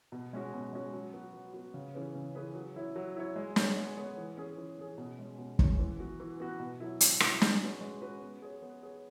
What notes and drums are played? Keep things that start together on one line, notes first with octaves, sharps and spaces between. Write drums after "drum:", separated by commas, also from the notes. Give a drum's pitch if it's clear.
B2
G#3 C#4 F#4
B2
G#3 C#4 F#4
F#3
B3 F#4
F#3
B3 F#4
C#3
E3 C#4 G#4 B4
C#3
E3 C#4 G#4 B4
F#3
E4 C#5
F#3
E4 C#5
G#3
B3 G#4 C#5, drum: snare
G#3
B3 G#4 C#5
E3
C#4 G#4
E3
C#4 G#4
B2
G#3 C#4
B2
G#3 C#4, drum: kick
E3
B3 F#4
E3
B3 F#4
B2
F#3 E4
B2, drum: hi-hat
F#3 E4, drum: rim click
G#3, drum: snare
C#4 F#4 B4
G#3
C#4 F#4 B4
B3
G#4 C#5
B3
G#4 C#5